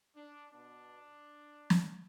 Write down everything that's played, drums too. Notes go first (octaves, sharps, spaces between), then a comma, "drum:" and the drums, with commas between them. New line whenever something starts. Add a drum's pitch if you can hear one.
D4
B2 B3 D4
drum: snare